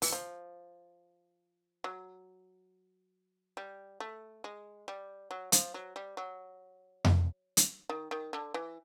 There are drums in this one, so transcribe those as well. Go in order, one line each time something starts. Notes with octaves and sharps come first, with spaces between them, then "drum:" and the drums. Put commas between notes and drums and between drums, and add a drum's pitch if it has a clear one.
E3, drum: open hi-hat
F3
F#3
G3
A3
G#3
G3
F#3
F3, drum: hi-hat
F#3
G3
F#3
drum: tom F2
drum: hi-hat
D#3
D#3
D3
E3